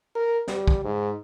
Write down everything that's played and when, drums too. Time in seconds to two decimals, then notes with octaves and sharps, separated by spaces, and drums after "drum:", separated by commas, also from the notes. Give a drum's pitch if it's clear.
0.15 A#4
0.48 G3, drum: snare
0.67 drum: kick
0.85 G#2